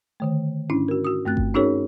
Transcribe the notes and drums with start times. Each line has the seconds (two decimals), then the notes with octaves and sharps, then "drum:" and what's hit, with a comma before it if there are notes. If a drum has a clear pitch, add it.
0.20 D3 D#3 A3
0.70 G#2 C#4 D4 E4
0.88 F#4 A#4
1.05 F#4 D#6
1.25 G2 A3 C4 F#6 A6
1.37 drum: kick G1
1.54 C#4 D#4 F#4 G#4 A#4 C#5